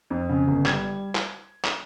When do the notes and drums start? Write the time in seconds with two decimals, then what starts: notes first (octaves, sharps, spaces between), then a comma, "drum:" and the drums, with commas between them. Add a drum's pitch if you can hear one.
0.10 F2
0.29 C#3
0.48 G1
0.66 G3 G#6, drum: clap
1.15 drum: clap
1.64 drum: clap